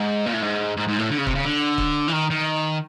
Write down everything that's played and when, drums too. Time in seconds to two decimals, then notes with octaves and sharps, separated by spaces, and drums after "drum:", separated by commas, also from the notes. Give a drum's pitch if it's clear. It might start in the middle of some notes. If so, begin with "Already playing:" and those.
Already playing: G#2
0.26 A#2
0.34 A2
0.43 G#2
0.77 G#2
0.88 G#2
0.99 A2
1.11 D3
1.18 C#3
1.27 C3, drum: kick C#1
1.35 C#3
1.45 D3
1.78 drum: kick C#1
2.08 E3
2.12 D#3
2.30 D#3